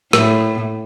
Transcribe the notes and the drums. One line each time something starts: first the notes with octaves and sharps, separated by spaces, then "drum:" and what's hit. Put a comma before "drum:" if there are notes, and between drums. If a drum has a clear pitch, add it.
A2, drum: rim click